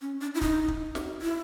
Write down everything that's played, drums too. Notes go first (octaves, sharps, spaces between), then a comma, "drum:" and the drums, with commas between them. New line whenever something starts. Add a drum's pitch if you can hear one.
C#4
D4
E4
D#4, drum: kick
drum: kick
drum: snare
E4